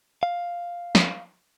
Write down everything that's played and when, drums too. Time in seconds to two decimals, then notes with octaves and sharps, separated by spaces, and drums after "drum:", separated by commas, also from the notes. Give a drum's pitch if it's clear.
0.23 F5
0.95 drum: snare